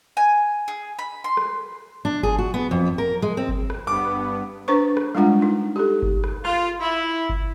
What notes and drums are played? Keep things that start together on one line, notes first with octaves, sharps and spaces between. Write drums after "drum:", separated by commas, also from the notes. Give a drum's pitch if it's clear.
G#5
G#4
B5
C6
drum: rim click
D4
G#4, drum: kick G1
F#4
B3
F2
A#4
G#3
C4
drum: kick G1
drum: rim click
G2 B3 D6
D4 B4 C5 C#6
drum: rim click
G3 G#3 D4 F4 F#5
D#4
G4 A4
drum: kick G1
drum: rim click
F4, drum: rim click
E4
drum: kick G1